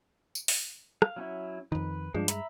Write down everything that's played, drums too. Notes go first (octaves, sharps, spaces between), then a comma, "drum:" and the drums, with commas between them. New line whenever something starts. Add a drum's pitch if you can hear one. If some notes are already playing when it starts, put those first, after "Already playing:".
drum: tambourine
drum: open hi-hat
F5, drum: rim click
F#3 C#4 E4
F2 D#3 B4
G2 F3 G#3 D4
E5 A#5 B5, drum: hi-hat